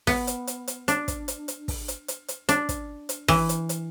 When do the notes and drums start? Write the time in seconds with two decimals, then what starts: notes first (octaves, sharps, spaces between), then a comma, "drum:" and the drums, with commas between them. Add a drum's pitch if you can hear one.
0.07 B3, drum: kick, open hi-hat
0.27 drum: hi-hat
0.47 drum: hi-hat
0.68 drum: hi-hat
0.88 D4, drum: hi-hat
1.08 drum: kick, hi-hat
1.28 drum: hi-hat
1.48 drum: hi-hat
1.68 drum: kick, open hi-hat
1.88 drum: hi-hat
2.08 drum: hi-hat
2.28 drum: hi-hat
2.49 D4, drum: hi-hat
2.69 drum: kick, hi-hat
3.09 drum: hi-hat
3.28 E3, drum: kick, open hi-hat
3.49 drum: hi-hat
3.69 drum: hi-hat